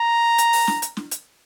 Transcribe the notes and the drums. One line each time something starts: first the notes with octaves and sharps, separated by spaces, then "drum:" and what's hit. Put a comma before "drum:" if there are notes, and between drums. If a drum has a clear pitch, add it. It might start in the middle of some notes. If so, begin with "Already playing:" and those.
Already playing: A#5
drum: hi-hat
drum: open hi-hat
drum: snare
drum: hi-hat
drum: snare
drum: hi-hat